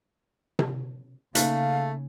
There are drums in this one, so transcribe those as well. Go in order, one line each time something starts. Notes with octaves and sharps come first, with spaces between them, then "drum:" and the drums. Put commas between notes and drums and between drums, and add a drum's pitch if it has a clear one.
drum: tom C3
C#3 A3 A#3 D#4 F5, drum: hi-hat